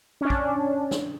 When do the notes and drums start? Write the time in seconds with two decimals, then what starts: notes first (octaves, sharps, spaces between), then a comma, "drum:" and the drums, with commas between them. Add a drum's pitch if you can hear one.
0.21 C#4 D4
0.30 drum: kick
0.91 drum: snare